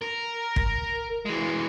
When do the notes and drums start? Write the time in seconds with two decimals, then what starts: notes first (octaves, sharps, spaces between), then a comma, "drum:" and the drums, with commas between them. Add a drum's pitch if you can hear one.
0.02 A#4
0.56 drum: kick
1.25 E3 G#3